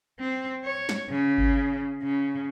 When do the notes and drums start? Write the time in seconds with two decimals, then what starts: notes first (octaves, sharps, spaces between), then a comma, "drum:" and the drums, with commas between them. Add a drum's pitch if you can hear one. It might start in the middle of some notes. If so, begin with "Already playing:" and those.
0.20 C4
0.64 C#5
0.89 drum: snare
1.10 C#3
1.38 drum: kick G1
2.03 C#3